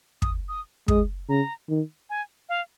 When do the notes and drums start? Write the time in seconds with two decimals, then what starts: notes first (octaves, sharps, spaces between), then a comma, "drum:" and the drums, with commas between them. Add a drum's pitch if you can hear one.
0.22 D#6, drum: kick
0.49 D#6
0.88 G#3 D#6, drum: kick
1.29 C#3 A#5
1.69 D#3
2.10 G#5
2.49 F5